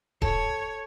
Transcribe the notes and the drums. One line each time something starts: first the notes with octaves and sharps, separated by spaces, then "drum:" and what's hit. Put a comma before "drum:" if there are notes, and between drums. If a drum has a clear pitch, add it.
A4 C#5, drum: kick D#1